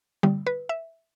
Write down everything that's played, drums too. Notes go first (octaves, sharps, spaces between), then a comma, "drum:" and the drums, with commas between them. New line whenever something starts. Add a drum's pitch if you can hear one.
G3, drum: tom D3
B4
E5